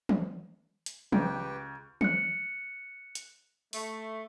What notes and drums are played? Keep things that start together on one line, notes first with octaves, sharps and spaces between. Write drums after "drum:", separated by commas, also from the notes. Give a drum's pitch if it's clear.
drum: tom
drum: hi-hat
C#2 G4 B4 G5, drum: tom
F#6 C#7, drum: tom
drum: hi-hat
A3, drum: open hi-hat